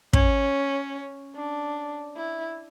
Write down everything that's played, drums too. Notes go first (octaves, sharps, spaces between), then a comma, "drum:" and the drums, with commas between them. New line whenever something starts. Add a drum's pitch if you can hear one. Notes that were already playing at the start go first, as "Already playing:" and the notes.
C#4, drum: kick
D4
E4